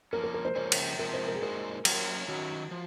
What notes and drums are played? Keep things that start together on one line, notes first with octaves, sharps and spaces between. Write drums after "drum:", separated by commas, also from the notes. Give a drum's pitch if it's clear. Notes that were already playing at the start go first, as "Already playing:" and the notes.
F3 A#3 C#4 A#4
A#4
A#4
C5
C#3 F3 A#3 C#4 G#4 C5
drum: cymbal
C3 F3 G#3 A#4
C5
A#4
G#4
A#2 G#3 D#4 F#4 A#4 C5
F#3 A#3 C#4 F#4 C5, drum: cymbal
D#3 F#3 C#4 F#4
F3